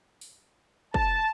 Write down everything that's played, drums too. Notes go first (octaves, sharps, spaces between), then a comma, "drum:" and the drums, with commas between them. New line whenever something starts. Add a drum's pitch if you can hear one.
drum: open hi-hat
A5, drum: kick